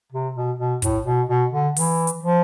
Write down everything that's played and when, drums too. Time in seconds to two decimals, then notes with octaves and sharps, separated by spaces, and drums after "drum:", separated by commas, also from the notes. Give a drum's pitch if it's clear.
0.12 C3
0.35 B2
0.59 B2
0.82 A2, drum: kick, hi-hat
1.05 B2
1.29 B2
1.52 D3
1.76 E3, drum: open hi-hat
2.07 drum: hi-hat
2.23 F3